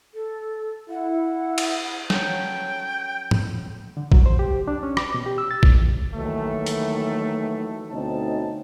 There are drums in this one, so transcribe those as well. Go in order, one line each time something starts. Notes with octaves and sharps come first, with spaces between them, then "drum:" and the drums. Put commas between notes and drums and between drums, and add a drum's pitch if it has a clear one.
A4
E4 F#5
drum: cymbal
F#3 C#4 A4 G5, drum: snare
drum: tom G#2
D3
F#3, drum: kick A#1
C5
G4
D4
C#4
D6, drum: rim click
B2
G4
E6
A6
A2, drum: kick A#1
D#2 D#3 E3 F#3 A3
drum: hi-hat
D2 B2 C4 C#4 D#4 A5